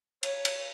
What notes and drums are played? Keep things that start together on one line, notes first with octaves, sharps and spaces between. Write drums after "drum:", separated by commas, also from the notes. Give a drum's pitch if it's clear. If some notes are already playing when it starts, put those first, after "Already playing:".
C#5, drum: cymbal
drum: cymbal